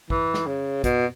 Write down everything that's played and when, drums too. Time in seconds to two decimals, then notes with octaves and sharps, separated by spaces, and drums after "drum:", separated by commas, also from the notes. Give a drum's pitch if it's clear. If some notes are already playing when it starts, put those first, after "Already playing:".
0.10 E3, drum: kick
0.34 drum: snare
0.47 C#3
0.84 B2, drum: kick, hi-hat